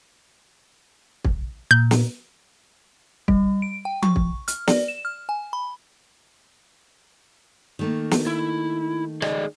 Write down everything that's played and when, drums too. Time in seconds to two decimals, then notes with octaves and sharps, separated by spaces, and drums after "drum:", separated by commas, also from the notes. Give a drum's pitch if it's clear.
1.24 drum: kick
1.71 A#2 G6
1.91 drum: snare
3.28 G3, drum: kick
3.62 D7
3.85 G5
4.02 C#6, drum: tom F3
4.16 drum: kick
4.48 F6, drum: hi-hat
4.68 D5, drum: snare
4.88 E7
5.05 F6
5.29 G#5
5.53 B5
7.79 D#3 A3 A#3
8.11 drum: snare
8.27 E4
9.22 G#4 D5 D#5, drum: rim click